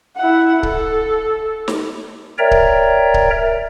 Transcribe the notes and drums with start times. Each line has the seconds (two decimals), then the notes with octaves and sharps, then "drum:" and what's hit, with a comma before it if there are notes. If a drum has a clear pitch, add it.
0.16 E4 F#5
0.63 A4, drum: kick C#1
1.68 drum: snare
2.38 A#4 C#5 D5 E5 G5 A#5
2.51 drum: kick C#1
3.14 drum: kick C#1